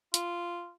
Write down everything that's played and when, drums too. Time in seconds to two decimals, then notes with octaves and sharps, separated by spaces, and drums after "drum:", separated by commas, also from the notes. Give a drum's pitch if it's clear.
0.14 F4, drum: hi-hat